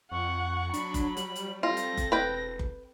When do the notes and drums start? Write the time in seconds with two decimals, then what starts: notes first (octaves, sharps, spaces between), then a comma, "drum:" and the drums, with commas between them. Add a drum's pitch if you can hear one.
0.12 F2 F#5 C#6
0.74 F#3 D4 B5, drum: hi-hat
0.94 drum: kick F#1, hi-hat
1.17 G3 F#7, drum: hi-hat
1.36 drum: hi-hat
1.63 C4 F4 A4 A#6
1.77 drum: hi-hat
1.97 drum: kick F#1, hi-hat
2.12 E1 B4 G5
2.59 drum: kick F#1